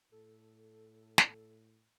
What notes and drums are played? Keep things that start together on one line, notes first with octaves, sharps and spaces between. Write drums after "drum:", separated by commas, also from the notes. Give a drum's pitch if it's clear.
A2 A4
drum: snare